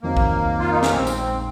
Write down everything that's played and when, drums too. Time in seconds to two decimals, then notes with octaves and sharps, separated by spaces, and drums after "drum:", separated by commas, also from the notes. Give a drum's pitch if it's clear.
0.03 F2 D#3 F#3 A#3 C4 D#4
0.17 drum: kick
0.59 F4
0.71 D#4
0.83 C#4, drum: snare
0.93 A#1 A#2 G#3 C4 D#4
1.07 drum: tambourine